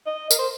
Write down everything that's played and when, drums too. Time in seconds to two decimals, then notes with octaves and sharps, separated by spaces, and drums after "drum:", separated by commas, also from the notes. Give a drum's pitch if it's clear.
0.06 D#5
0.31 A#4, drum: tambourine
0.39 C5